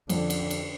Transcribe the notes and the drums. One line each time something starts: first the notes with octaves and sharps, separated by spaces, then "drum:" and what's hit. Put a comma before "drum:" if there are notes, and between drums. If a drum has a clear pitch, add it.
F2 D3, drum: cymbal
drum: cymbal
drum: cymbal